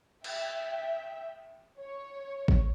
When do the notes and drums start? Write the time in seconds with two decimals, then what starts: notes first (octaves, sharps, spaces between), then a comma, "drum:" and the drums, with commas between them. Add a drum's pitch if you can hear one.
0.24 E5 G5, drum: cymbal
1.79 C#5
2.48 drum: kick A1